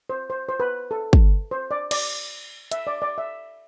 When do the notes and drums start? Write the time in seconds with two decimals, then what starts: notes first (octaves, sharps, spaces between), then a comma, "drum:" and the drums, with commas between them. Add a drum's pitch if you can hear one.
0.10 C5
0.30 C5
0.49 C5
0.60 B4
0.91 A4
1.13 drum: kick
1.51 C5
1.71 D5
1.91 D5, drum: cymbal
2.72 E5, drum: hi-hat
2.87 D5
3.02 D5
3.18 E5